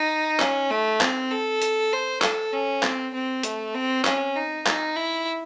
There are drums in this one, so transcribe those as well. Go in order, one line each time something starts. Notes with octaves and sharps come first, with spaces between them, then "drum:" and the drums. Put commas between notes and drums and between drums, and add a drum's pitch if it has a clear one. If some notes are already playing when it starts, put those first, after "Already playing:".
Already playing: D#4
C#4, drum: clap
A3
C4, drum: clap
A4
drum: hi-hat
C5
A4, drum: clap
C#4
C4, drum: clap
C4
A3, drum: hi-hat
C4
C#4, drum: clap
D#4
D#4, drum: clap
E4